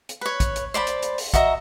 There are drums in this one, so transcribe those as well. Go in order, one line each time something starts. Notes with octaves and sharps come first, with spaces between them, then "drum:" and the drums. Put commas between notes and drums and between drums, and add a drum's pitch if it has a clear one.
drum: hi-hat
B4 C#5
drum: kick, hi-hat
drum: hi-hat
C5 D5 A5 B5
drum: hi-hat
drum: hi-hat
drum: open hi-hat
F#4 D#5 E5 A#5, drum: kick, hi-hat